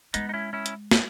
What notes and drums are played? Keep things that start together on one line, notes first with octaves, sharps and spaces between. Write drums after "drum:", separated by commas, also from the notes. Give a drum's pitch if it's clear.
G#3 B3 D#4, drum: hi-hat
D#4
C#4 E4
C#4 E4
drum: hi-hat
drum: snare